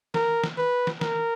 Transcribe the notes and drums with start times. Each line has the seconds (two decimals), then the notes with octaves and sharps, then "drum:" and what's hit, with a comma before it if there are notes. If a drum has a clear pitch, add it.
0.14 A#4, drum: snare
0.44 drum: snare
0.58 B4
0.87 drum: snare
1.01 A#4, drum: snare